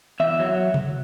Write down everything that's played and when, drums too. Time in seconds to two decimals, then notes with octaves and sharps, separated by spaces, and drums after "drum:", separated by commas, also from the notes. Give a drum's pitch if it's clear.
0.20 E2 E5
0.39 F#3
0.74 drum: tom C3